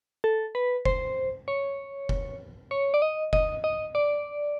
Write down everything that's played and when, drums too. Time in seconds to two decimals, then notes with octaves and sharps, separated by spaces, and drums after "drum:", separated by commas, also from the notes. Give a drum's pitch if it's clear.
0.24 A4
0.55 B4
0.85 C5, drum: kick F1
1.48 C#5
2.09 drum: kick F1
2.71 C#5
2.94 D5
3.02 D#5
3.33 D#5, drum: kick F1
3.64 D#5
3.95 D5